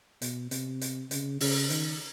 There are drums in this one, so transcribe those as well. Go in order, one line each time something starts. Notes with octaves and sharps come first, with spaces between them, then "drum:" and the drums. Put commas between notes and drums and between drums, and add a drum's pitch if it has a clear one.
B2, drum: hi-hat
C3, drum: hi-hat
drum: hi-hat
C#3, drum: hi-hat
C#3, drum: open hi-hat
D#3, drum: hi-hat